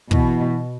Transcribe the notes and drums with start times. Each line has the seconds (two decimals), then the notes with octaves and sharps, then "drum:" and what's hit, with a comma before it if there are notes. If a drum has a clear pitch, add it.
0.11 B2 E3, drum: kick